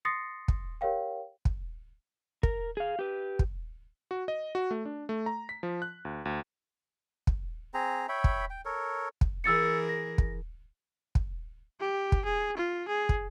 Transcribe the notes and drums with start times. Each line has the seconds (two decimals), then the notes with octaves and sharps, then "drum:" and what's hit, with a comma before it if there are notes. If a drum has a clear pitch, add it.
0.05 C6 D#6 A6 A#6 C7 C#7
0.48 drum: kick
0.81 G4 A#4 C#5 F5 G5
1.45 drum: kick
2.43 A#4, drum: kick
2.77 G#4 F5
2.99 G4 B4
3.39 drum: kick
4.11 F#4
4.28 D#5
4.55 F#4
4.71 A3
4.85 D4
5.09 A3
5.26 A#5
5.49 B6
5.63 F3
5.82 F#6
6.05 D2
6.25 D2
7.27 drum: kick
7.74 C4 G#4 A#5
8.09 C#5 E5 G5 B5
8.24 drum: kick
8.50 G5
8.65 A4 A#4 C#5
9.21 drum: kick
9.44 E3 G#4 A#4 E6 A6 C#7
9.89 A#6
10.18 drum: kick
11.15 drum: kick
11.80 G4
12.12 drum: kick
12.25 G#4
12.57 F4
12.89 G#4
13.09 drum: kick